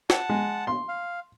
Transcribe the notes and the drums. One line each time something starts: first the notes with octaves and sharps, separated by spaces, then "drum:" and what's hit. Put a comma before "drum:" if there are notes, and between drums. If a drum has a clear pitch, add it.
F#5 A5, drum: snare
G#3
C6
F5